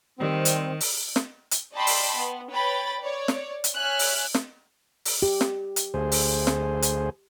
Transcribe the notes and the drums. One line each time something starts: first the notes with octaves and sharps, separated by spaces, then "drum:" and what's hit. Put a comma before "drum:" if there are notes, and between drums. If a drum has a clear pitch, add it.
D#3 G3 C4
drum: hi-hat
drum: open hi-hat
drum: snare
drum: hi-hat
D5 D#5 G5 A5 B5 C6
drum: open hi-hat
B3
B4 C#5 G5 B5 A6
C#5 D5
drum: snare
drum: hi-hat
C#5 E5 G#5 F6 F#6
drum: open hi-hat
drum: snare
drum: open hi-hat
G4
drum: snare
drum: hi-hat
D2 G#4 C5
drum: open hi-hat
drum: snare
drum: hi-hat